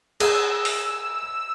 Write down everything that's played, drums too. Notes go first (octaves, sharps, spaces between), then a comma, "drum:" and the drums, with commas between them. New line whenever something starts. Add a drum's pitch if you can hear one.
G#4 E6, drum: cymbal
drum: open hi-hat